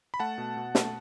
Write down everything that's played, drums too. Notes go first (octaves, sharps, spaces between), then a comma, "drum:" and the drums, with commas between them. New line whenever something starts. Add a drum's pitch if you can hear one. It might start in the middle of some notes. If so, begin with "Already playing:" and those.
B5
A3 F#5 A5
B2
B2
A3, drum: snare